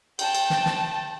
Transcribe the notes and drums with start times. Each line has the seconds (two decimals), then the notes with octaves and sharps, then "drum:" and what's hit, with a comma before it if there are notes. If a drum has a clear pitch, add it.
0.19 G5 A5, drum: cymbal
0.35 drum: cymbal
0.50 drum: snare
0.66 drum: snare